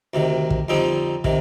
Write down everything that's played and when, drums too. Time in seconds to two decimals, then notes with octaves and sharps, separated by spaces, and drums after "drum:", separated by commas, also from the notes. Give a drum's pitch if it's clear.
0.14 D2 C3 D#3
0.50 drum: kick
0.68 F2 D3 G3 C4 D#4
1.24 C3 D#3, drum: kick